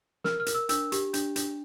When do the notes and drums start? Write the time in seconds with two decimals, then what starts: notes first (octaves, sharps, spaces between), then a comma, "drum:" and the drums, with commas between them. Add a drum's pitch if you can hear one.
0.24 A#4 F6, drum: snare
0.40 F6
0.46 A#4, drum: hi-hat
0.54 E6
0.69 D4 E6, drum: hi-hat
0.92 G4, drum: hi-hat
1.14 D4, drum: hi-hat
1.36 D4, drum: hi-hat